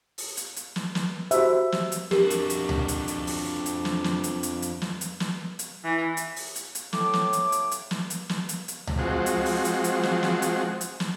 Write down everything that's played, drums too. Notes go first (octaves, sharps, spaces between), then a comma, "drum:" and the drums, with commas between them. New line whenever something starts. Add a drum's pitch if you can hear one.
drum: open hi-hat
drum: hi-hat
drum: hi-hat
drum: snare
drum: snare
F#4 G4 C5 E5, drum: hi-hat
drum: snare
drum: hi-hat
F2 D4 F#4 G4 A#4, drum: snare
drum: hi-hat
drum: hi-hat
drum: tom C#2
drum: hi-hat
drum: hi-hat
drum: open hi-hat
drum: hi-hat
drum: snare
drum: snare
drum: hi-hat
drum: hi-hat
drum: hi-hat
drum: snare
drum: hi-hat
drum: snare
drum: hi-hat
E3
drum: hi-hat
drum: open hi-hat
drum: hi-hat
drum: hi-hat
A2 D6, drum: snare
drum: snare
drum: hi-hat
drum: hi-hat
drum: hi-hat
drum: snare
drum: hi-hat
drum: snare
drum: hi-hat
drum: hi-hat
drum: tom C#2
F3 G#3 C4 F#4
drum: hi-hat
drum: open hi-hat
drum: hi-hat
drum: hi-hat
drum: snare
drum: snare
drum: hi-hat
drum: hi-hat
drum: snare